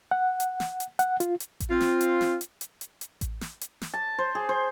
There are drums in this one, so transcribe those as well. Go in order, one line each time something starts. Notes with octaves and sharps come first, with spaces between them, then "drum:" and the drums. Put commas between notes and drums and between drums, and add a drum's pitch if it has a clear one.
F#5
drum: hi-hat
drum: snare
drum: hi-hat
F#5, drum: hi-hat
F4, drum: hi-hat
drum: hi-hat
drum: kick A1, hi-hat
C4 F4
drum: snare
drum: hi-hat
drum: snare
drum: hi-hat
drum: hi-hat
drum: hi-hat
drum: hi-hat
drum: kick A1, hi-hat
drum: snare
drum: hi-hat
drum: snare
A5
C5
G#4
C5